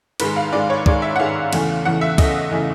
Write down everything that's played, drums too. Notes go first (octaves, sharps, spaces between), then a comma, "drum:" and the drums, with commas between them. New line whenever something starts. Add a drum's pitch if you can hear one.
G#2 D#3 G#3 B4, drum: cymbal
F5
G#2 D#3 G#3 D5
C#5
G#2 D#3 G#3 D5, drum: kick
E5
F#5
G#2 D#3 G#3 F5
E2 C#3 E3 A3, drum: cymbal
E2 C#3 E3 A3 F#5
E5
E2 C#3 E3 A3 D#5, drum: kick, cymbal
C#3 E3 A3